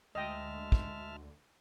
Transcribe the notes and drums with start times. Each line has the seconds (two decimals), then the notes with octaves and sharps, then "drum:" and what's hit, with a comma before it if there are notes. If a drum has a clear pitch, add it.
0.15 D2 G#3 D#5 E5 G5 A5 F6
0.72 drum: kick